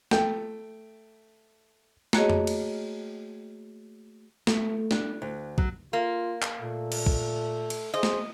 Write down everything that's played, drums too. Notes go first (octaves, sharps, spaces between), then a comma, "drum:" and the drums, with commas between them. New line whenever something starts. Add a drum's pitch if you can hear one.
A3 G5, drum: snare
A3 A#3 F#4 G#4 C#5 D#5, drum: snare
drum: tom F2
drum: cymbal
A3, drum: snare
D4, drum: snare
D2
F#3, drum: kick
A#3 F4
drum: clap
A#2 A3
drum: cymbal
drum: kick
drum: cymbal
G#4 C5 D#5
drum: snare